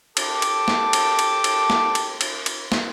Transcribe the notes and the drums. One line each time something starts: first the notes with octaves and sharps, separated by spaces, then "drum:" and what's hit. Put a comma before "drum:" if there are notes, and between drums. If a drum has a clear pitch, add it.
G4 A4 A5 D6, drum: cymbal
drum: cymbal
drum: snare
drum: cymbal
drum: cymbal
drum: cymbal
drum: snare
drum: cymbal
drum: cymbal
drum: cymbal
drum: snare